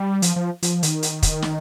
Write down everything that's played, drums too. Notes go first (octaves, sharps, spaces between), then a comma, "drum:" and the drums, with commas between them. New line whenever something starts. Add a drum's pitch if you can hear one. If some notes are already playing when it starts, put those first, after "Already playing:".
Already playing: G3
F3, drum: hi-hat
F3
F3, drum: hi-hat
D#3, drum: hi-hat
drum: hi-hat
drum: kick, hi-hat
drum: snare